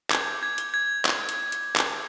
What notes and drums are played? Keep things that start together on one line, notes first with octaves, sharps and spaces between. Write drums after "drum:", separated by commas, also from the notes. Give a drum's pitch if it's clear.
D6 G6 G#6, drum: clap
G#6
drum: hi-hat
G#6
drum: clap
drum: hi-hat
drum: hi-hat
drum: clap